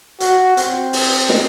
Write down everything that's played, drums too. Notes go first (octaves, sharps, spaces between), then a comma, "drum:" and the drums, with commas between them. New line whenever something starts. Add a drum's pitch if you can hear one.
F#4, drum: hi-hat
C4, drum: hi-hat
drum: open hi-hat
drum: snare